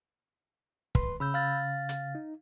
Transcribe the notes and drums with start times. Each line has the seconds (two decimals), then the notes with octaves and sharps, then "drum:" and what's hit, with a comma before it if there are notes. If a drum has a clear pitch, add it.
0.95 B4 C6, drum: kick
1.20 C#3 B5 E6 G6
1.34 F5 F6 A6
1.89 drum: hi-hat
2.15 D#4